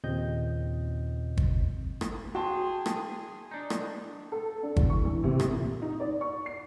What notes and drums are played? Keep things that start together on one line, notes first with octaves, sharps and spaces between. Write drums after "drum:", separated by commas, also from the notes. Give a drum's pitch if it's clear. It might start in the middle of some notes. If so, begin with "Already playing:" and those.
D#2 A#2 C#3 C4 D#5 G6
drum: kick
drum: rim click
F#4 G#4 G5 A5 C6
drum: rim click
D4 D#4
drum: rim click
A4
D4
E2, drum: kick
C#6
E3
C3
drum: rim click
A#2
D#4
D5
C#6
C7